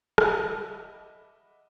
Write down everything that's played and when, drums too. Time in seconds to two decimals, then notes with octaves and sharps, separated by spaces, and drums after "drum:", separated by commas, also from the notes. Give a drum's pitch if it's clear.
0.18 D#5 E5 F#5 B5 D6, drum: rim click